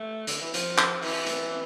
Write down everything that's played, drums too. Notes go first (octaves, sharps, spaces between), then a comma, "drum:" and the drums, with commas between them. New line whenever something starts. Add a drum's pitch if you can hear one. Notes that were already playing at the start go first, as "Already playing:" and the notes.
Already playing: A3
D3, drum: hi-hat
E3
F3, drum: hi-hat
drum: clap
E3, drum: open hi-hat
drum: hi-hat